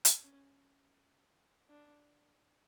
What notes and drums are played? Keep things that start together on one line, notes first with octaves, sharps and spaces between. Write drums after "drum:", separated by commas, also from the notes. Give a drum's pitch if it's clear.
drum: hi-hat
C#4
D4